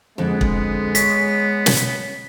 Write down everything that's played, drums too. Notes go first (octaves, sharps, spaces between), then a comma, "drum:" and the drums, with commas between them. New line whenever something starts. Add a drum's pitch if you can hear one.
F2 D3 G#3 B3
drum: kick
C#5 B6, drum: hi-hat
drum: snare